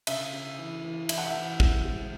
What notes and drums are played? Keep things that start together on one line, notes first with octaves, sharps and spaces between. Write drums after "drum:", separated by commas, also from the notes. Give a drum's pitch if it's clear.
C#3 E5, drum: cymbal
C#3
E3
E3
E3 E5, drum: cymbal
F#5
E5
E3
G#3, drum: kick
G#3